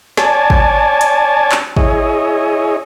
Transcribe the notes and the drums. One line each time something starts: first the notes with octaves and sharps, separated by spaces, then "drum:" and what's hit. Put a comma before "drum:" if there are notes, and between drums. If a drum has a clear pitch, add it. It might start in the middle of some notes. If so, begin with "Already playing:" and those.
C#5 D5 G#5 A5, drum: snare
drum: kick
drum: hi-hat
drum: clap
E4 G#4 C#5 D#5, drum: kick